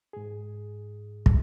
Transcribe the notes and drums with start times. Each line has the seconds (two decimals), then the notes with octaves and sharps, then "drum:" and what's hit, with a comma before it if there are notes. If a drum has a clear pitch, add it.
0.13 G#2 G#4
1.26 drum: kick